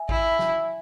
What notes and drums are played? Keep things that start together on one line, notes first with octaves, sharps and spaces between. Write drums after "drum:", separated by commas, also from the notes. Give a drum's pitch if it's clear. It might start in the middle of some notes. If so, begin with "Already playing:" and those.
Already playing: E5 G#5
E4, drum: kick
drum: snare